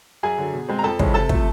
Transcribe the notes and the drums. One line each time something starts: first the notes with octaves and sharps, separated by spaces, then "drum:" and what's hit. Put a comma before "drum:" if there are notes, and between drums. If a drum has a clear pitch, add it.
F#2 G#4 G#5
D3 F#3
B2
G#3 C4
A#5
F2 A4 A5
C#3 E3 G#3 C#4, drum: kick
C3 A4 A5
F3 A3, drum: kick